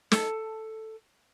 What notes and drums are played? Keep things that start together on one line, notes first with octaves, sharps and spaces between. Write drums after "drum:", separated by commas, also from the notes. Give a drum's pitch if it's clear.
A4 A5, drum: snare